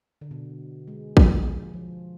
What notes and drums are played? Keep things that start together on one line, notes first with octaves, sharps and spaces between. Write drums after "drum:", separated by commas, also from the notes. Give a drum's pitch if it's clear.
D3
B2
G#3
drum: kick
F3
F3